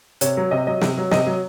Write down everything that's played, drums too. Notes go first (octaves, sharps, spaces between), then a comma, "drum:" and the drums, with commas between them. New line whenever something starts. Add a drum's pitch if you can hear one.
C3 C#5, drum: hi-hat
F#3
C3 D#5
F#3 D#5
C3, drum: snare
F#3
C3 D#5, drum: snare
F#3